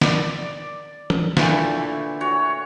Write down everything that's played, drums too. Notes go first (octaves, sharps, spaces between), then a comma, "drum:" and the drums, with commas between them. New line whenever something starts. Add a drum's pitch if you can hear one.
D5, drum: snare
drum: tom E3
A#2 D3 E3 A3, drum: snare
F#4 C#5